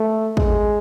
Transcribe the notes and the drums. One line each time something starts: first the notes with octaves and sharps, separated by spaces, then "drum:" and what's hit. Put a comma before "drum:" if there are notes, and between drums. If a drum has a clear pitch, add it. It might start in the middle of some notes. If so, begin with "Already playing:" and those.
Already playing: A3
G#3, drum: kick